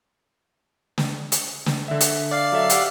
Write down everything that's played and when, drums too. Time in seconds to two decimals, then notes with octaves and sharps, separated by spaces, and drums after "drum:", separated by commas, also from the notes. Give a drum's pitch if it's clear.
0.98 drum: snare
1.32 drum: hi-hat
1.66 drum: snare
1.88 D3 E5
2.01 drum: hi-hat
2.31 D5 F5 C7
2.52 F#3 A4 E5
2.70 G4 F#5 E6, drum: hi-hat